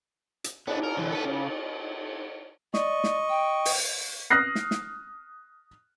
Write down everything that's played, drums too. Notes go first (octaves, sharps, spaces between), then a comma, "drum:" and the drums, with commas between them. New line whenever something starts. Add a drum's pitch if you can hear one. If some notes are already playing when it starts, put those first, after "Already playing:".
drum: hi-hat
B3 D4, drum: cymbal
A#4
D3 E3
A4 B4
C#3
D5 D#5 C#6, drum: snare
drum: snare
G5
drum: open hi-hat
D#6 F6 F#6 A#6 C7
drum: snare
drum: snare